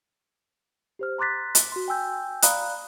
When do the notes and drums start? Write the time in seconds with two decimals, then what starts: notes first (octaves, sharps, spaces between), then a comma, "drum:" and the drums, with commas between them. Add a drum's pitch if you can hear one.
0.99 G4 C5 F6
1.18 A#5 C6 D6 F#6 A6 B6
1.55 drum: hi-hat
1.72 F#4 C6
1.88 G5 G#5 E6 G6
2.42 D5 F5 A#5 B5 D#6 F#6, drum: hi-hat